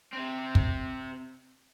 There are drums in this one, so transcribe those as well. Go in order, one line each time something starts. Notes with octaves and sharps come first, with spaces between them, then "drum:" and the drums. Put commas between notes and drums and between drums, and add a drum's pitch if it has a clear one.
C3 C4
drum: kick